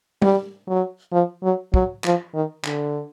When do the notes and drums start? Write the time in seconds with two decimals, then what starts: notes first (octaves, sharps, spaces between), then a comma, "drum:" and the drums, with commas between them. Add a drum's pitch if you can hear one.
0.22 G3, drum: tom G3
0.68 F#3
1.12 F3
1.43 F#3
1.74 F#3, drum: kick
2.04 F3, drum: clap
2.35 D#3
2.65 D3, drum: clap